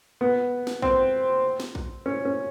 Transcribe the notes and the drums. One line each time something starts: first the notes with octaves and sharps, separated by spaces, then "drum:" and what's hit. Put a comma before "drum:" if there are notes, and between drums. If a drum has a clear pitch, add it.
B3
drum: snare
C4, drum: kick
drum: snare
drum: kick
C#4
C#4